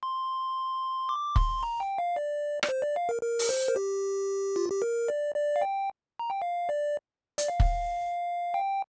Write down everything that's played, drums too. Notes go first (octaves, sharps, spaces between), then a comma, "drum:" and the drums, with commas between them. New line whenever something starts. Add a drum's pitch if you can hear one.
C6
D6
C6, drum: kick
A#5
G5
F5
D5
D5, drum: rim click
C5
D5
F5
A#4
A#4
drum: open hi-hat
C5
A#4
G4
F4
G4
A#4
D5
D5
F5
G5
A#5
G5
F5
D5
D5, drum: hi-hat
F5
drum: kick
G5